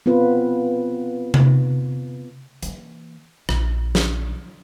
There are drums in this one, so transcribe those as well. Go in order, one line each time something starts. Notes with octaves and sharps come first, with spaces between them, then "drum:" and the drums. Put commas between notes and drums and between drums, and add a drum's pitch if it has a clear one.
B3 C4 F4 B4
drum: tom C3
E3 A#3, drum: hi-hat
A#1, drum: rim click
drum: snare